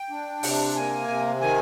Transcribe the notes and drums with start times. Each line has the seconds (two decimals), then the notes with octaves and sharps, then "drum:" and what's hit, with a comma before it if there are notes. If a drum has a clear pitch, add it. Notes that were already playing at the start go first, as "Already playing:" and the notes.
Already playing: G5
0.10 D4
0.43 C3, drum: open hi-hat
0.75 A#3 G#5
1.08 C3
1.41 D#3 G#5